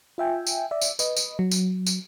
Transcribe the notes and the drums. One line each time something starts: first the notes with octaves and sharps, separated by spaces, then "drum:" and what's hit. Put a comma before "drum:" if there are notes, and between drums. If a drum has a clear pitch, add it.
F4 E5 G5 G#5
drum: tambourine
D5 E5
drum: tambourine
B4 D#5, drum: tambourine
drum: tambourine
F#3
drum: tambourine
drum: tambourine